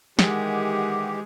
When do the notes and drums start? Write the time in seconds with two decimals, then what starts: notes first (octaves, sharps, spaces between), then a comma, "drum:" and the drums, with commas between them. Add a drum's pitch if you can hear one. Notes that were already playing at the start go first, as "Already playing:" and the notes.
0.19 D#3 E3 G#3 G4 F#5 D6, drum: snare